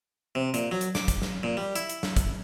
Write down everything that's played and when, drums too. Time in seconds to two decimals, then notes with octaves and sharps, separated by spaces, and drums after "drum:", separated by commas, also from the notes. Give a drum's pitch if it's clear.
0.35 C3
0.54 A#2, drum: hi-hat
0.71 F#3
0.81 drum: hi-hat
0.95 D6, drum: snare
1.08 drum: kick, hi-hat
1.22 drum: snare
1.43 A#2
1.57 G3
1.76 E4, drum: hi-hat
1.89 drum: hi-hat
2.03 drum: snare
2.17 drum: kick, hi-hat